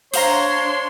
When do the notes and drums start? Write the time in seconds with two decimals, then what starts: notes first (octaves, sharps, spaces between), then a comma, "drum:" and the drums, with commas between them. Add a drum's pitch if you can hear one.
0.14 D4 C5 C#5 F5 A#5 C6, drum: open hi-hat